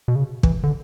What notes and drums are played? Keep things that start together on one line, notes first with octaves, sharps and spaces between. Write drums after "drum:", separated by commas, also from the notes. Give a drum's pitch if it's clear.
B2
C#3
E3, drum: kick
D3